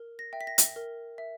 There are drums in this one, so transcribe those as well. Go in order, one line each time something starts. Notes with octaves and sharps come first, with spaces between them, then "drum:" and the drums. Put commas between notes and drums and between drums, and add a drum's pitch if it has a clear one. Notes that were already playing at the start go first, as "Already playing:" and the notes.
Already playing: A#4
A#6
E5 G5
B6
A#6
drum: hi-hat
A#4
E5